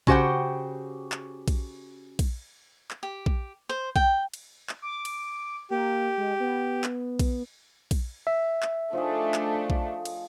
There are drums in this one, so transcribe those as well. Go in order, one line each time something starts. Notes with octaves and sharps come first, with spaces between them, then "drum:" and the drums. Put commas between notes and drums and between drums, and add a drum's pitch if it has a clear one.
C#3 F#4 G4 C5 F#5 G5, drum: kick A#1
drum: clap
drum: kick A#1, cymbal
drum: kick A#1, cymbal
drum: clap
G4
drum: kick A#1
C5
G5, drum: kick A#1
drum: cymbal
drum: clap
D6
drum: cymbal
A#3 G4
G#3
B3
drum: clap
drum: kick A#1, cymbal
drum: kick A#1, cymbal
E5
drum: clap
F3 A3 D4 D#4 G#4
drum: clap
drum: kick A#1
drum: cymbal